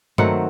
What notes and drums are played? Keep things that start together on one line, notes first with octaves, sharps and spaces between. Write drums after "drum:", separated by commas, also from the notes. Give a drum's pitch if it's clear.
D#3 F#3 A3 C4 F#5, drum: tom G2